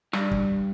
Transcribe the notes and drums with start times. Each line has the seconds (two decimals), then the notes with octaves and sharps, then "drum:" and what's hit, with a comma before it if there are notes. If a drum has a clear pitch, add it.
0.13 G2, drum: rim click
0.31 drum: kick